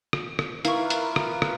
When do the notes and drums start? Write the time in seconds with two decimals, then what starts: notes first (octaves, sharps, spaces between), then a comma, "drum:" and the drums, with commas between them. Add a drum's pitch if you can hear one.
0.13 drum: rim click
0.39 drum: rim click
0.65 A#3 E4 F4 A#4 B4 F5 C#6, drum: hi-hat
0.90 drum: hi-hat
1.16 drum: rim click
1.42 drum: rim click